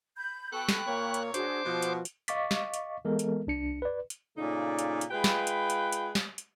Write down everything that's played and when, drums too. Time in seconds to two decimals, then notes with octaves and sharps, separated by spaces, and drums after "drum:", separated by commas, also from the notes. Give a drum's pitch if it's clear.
0.16 B5 G6
0.53 B3 F#4 A4 G5 B5 C#6 F#6
0.69 drum: snare
0.87 A#2 A#3 C#5
1.14 drum: hi-hat
1.34 D4 F#4 G#4 C5 D6, drum: hi-hat
1.66 B2 F3 F#4
1.82 drum: hi-hat
2.05 drum: hi-hat
2.28 D#5 F5 C#6 D6 A6 B6, drum: hi-hat
2.51 drum: snare
2.74 drum: hi-hat
3.05 E3 G#3 B3 A4 A#4
3.19 drum: hi-hat
3.47 C2 D4 C#7
3.82 B4 D5
4.10 drum: hi-hat
4.38 A#2 C#3 A3 D#4 D5
4.79 drum: hi-hat
5.01 drum: hi-hat
5.11 G#3 F4 B4 G5 B5
5.24 drum: snare
5.47 drum: hi-hat
5.70 drum: hi-hat
5.92 drum: hi-hat
6.15 drum: snare
6.38 drum: hi-hat